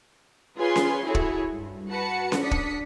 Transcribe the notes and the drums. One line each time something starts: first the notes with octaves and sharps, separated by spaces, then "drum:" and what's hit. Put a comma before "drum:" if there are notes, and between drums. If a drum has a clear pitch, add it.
F4 G#4 B4 C#5 G#5 C6
drum: snare C#4
E4 F#4 G#4 A4 C#5
drum: kick
G2
F#4 B4 F#5 A5 C#7
drum: snare C#4
D4 D#6 B6 C#7
drum: kick